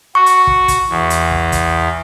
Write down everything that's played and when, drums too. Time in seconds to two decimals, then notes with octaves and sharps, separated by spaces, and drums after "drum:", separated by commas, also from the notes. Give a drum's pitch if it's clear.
0.15 F#4 C#6
0.26 drum: hi-hat
0.47 drum: kick
0.68 drum: kick, hi-hat
0.89 E2
1.10 drum: hi-hat
1.31 drum: kick
1.52 drum: kick, hi-hat